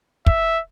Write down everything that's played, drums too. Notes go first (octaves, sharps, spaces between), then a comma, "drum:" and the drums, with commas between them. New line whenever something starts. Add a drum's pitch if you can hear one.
E5, drum: kick